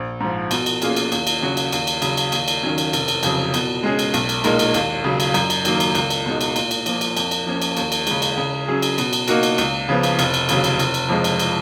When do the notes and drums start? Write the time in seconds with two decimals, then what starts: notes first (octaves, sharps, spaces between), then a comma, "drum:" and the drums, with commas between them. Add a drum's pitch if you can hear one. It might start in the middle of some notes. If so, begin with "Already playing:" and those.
Already playing: A#1
0.20 G#2 F3
0.51 B2, drum: cymbal
0.66 drum: cymbal
0.82 A#3 C#4 F4 G#4, drum: cymbal
0.96 drum: cymbal
1.12 D#2, drum: cymbal
1.27 drum: cymbal
1.42 C#3 F#3 C#4 F#4
1.57 drum: cymbal
1.72 D#2, drum: cymbal
1.87 drum: cymbal
2.02 C#3 F#3, drum: cymbal
2.17 drum: cymbal
2.32 D#2, drum: cymbal
2.48 drum: cymbal
2.63 D#3 F#3 C#4
2.78 drum: cymbal
2.93 F1, drum: cymbal
3.08 drum: cymbal
3.23 F2 C#3 F#3, drum: cymbal
3.54 B2, drum: cymbal
3.83 G#3 C#4 G#4
3.99 drum: cymbal
4.14 B1, drum: cymbal
4.29 drum: cymbal
4.44 A#2 G#3 D#4 A#4, drum: cymbal
4.59 drum: cymbal
4.74 D#2, drum: cymbal
5.04 C#3 F#3
5.20 drum: cymbal
5.34 F#2, drum: cymbal
5.50 drum: cymbal
5.65 D#3 F#3 A#3, drum: cymbal
5.80 drum: cymbal
5.95 C#2, drum: cymbal
6.10 drum: cymbal
6.26 B2 G#3 D#4
6.41 drum: cymbal
6.56 A#2, drum: cymbal
6.71 drum: cymbal
6.86 F3 A#3, drum: cymbal
7.01 drum: cymbal
7.17 F2, drum: cymbal
7.31 drum: cymbal
7.46 F3 A#3 C#4
7.62 drum: cymbal
7.77 D#2, drum: cymbal
7.92 drum: cymbal
8.07 C#3 G#3, drum: cymbal
8.22 drum: cymbal
8.37 C#3
8.68 F#3 C#4 G#4
8.82 drum: cymbal
8.98 B2, drum: cymbal
9.13 drum: cymbal
9.28 A#3 D#4 F#4 A#4, drum: cymbal
9.43 drum: cymbal
9.58 C#2, drum: cymbal
9.89 C#3 F3 B3
10.03 drum: cymbal
10.19 F1, drum: cymbal
10.34 drum: cymbal
10.49 D#2 C#3 F#3, drum: cymbal
10.64 drum: cymbal
10.79 F1, drum: cymbal
10.94 drum: cymbal
11.09 F2 F3 G#3
11.24 drum: cymbal
11.39 drum: cymbal